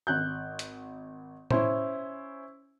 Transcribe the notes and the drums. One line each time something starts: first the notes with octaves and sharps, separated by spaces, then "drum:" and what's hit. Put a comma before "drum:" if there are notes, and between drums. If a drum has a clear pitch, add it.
G#1 F#6 G6
drum: hi-hat
C#4 E4 C5, drum: tom A2